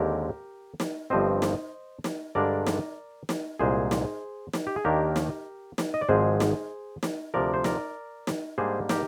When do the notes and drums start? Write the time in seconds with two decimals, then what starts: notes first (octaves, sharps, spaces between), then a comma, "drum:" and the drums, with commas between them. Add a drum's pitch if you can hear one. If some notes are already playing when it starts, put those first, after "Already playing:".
Already playing: D#2 D3 G#3 C4 G4 A#4
0.80 drum: snare
1.10 G1 G2 F3 C4 C5 D#5
1.42 drum: snare
2.04 drum: snare
2.35 G2 D3 G#3 D4 A#4 D5
2.67 drum: snare
3.29 drum: snare
3.59 C2 A#2 G#3 G#4 C5
3.91 drum: snare
4.53 drum: snare
4.67 G4
4.76 G#4
4.85 D#2 D#3 A#3 D4 G4 A#4
5.16 drum: snare
5.78 drum: snare
5.94 D#5
6.01 D5
6.09 G#1 G#2 F3 G#3 C4 G#4 C5
6.40 drum: snare
7.03 drum: snare
7.34 D2 C3 F3 A#4 D5
7.54 C5
7.64 A#4 D5, drum: snare
8.27 drum: snare
8.58 G#2 G3 A#3 D4 G#4 C5
8.89 G4 A#4, drum: snare